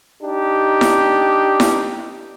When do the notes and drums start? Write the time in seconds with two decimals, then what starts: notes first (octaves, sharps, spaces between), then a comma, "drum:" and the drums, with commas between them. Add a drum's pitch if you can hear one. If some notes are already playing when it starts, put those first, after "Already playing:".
0.22 D4 D#4 G4
0.81 drum: snare E4
1.60 drum: snare E4